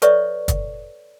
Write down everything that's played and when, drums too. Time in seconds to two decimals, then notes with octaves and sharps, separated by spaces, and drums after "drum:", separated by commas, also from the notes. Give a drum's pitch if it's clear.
0.02 A4 B4 C#5 D5 E5 C#6, drum: hi-hat
0.48 drum: kick, hi-hat